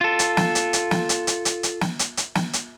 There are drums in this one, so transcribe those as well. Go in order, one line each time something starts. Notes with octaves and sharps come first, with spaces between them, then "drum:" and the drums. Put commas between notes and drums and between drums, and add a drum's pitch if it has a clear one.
F4 A4
drum: hi-hat
drum: snare
drum: hi-hat
drum: hi-hat
drum: snare
drum: hi-hat
drum: hi-hat
drum: hi-hat
drum: hi-hat
drum: snare
drum: hi-hat
drum: hi-hat
drum: snare
drum: hi-hat